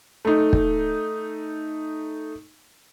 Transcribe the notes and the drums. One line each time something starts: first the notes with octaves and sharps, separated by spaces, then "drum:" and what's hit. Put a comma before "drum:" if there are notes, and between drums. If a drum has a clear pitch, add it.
A3 D#4
drum: kick